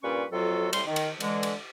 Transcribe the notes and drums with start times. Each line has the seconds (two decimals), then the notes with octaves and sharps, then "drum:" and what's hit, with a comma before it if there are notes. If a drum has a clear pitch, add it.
0.04 G2 A#2 C#4 B4 D5 C#6
0.32 F2 A2 F#3 F4 F#4 A4
0.73 C2 A2 G3 C5 C6, drum: cymbal
0.87 D#3
0.96 drum: cymbal
1.20 D3 E3 G#3, drum: cymbal
1.43 drum: cymbal